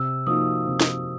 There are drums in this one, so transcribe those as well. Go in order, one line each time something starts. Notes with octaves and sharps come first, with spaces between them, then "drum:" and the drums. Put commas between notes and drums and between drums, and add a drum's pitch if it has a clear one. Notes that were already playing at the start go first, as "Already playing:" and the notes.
Already playing: C3 E6
F3 A#3 D#4 F#4 D#6
C3
drum: snare